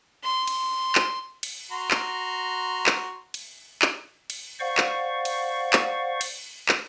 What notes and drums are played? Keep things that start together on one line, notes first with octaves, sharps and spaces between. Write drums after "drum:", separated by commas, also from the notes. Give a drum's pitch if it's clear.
C6
drum: cymbal
drum: clap
drum: cymbal
F#4 A#5 C6
drum: clap
drum: clap
drum: cymbal
drum: clap
drum: cymbal
C5 D5 F5 F#5 C#6
drum: clap
drum: cymbal
drum: clap
drum: cymbal
drum: clap